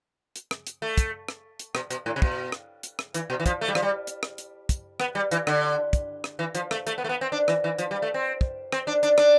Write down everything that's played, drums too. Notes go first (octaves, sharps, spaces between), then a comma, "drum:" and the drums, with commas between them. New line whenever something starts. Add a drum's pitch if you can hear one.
drum: hi-hat
drum: rim click
drum: hi-hat
A3
drum: kick, hi-hat
drum: rim click
drum: hi-hat
B2, drum: rim click
B2, drum: hi-hat
A2
C3
B2, drum: kick
drum: rim click
drum: hi-hat
drum: rim click
E3, drum: hi-hat
B2
E3
F3, drum: kick, hi-hat
A3
G3
F3, drum: rim click
G3
drum: hi-hat
drum: rim click
drum: hi-hat
drum: kick, hi-hat
B3, drum: rim click
G3
E3, drum: hi-hat
D3, drum: rim click
drum: kick, hi-hat
drum: rim click
E3
F3, drum: hi-hat
A3, drum: rim click
A3, drum: hi-hat
B3
A3
B3
C4
D4
E3, drum: rim click
E3
F3, drum: hi-hat
G3
A3
C4
drum: kick
C4, drum: rim click
D4
D4, drum: hi-hat
D4, drum: rim click